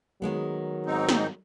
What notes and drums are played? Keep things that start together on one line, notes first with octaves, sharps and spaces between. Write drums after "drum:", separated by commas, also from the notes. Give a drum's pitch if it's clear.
D#3 F#3 G#3 B3
G#2 C4 D#4
drum: snare